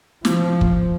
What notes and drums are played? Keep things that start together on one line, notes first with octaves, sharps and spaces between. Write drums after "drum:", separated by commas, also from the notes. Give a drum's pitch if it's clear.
F3, drum: snare
drum: kick